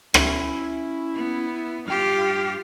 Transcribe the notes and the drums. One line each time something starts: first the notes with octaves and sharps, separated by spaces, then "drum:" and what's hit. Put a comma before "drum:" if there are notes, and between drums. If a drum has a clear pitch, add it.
C#4 E4, drum: rim click
B3
G2 F4 G4 G5 F6